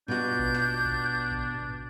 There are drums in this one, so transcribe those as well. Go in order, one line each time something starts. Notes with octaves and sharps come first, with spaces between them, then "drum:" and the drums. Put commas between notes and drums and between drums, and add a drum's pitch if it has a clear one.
B2 D4 F4 F#4 G6
drum: kick A1
drum: snare
drum: kick A1
drum: kick A1
drum: tom G2